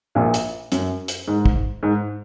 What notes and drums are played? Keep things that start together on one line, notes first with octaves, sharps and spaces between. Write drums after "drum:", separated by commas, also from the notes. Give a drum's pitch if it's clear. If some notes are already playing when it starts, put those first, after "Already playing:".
A#1 A#2
drum: hi-hat
F#2, drum: hi-hat
drum: hi-hat
G#2
drum: kick
G#2